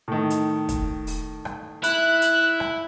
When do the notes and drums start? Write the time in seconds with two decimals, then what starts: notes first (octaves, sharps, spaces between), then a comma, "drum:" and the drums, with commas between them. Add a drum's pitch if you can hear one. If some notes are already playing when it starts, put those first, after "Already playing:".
0.08 A2 D#3
0.30 drum: hi-hat
0.69 drum: kick, hi-hat
1.07 drum: open hi-hat
1.45 drum: rim click
1.83 E4 F#6, drum: hi-hat
2.22 drum: hi-hat
2.60 drum: rim click